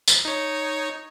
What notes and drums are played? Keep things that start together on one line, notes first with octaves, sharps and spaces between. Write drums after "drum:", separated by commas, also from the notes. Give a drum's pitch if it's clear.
drum: tambourine
D#4 C#5